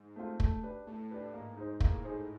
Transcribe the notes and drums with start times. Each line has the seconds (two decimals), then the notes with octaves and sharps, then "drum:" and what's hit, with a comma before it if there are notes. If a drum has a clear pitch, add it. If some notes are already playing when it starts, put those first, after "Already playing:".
Already playing: G#2
0.16 A3 C4 F4
0.40 A3, drum: kick
0.63 D4 G4 B4
0.87 A2 A3
1.11 D4 G4 B4
1.34 G#2 A#3
1.57 D#4 G#4 C5
1.80 A2 A#3, drum: kick
2.04 D#4 G#4 C5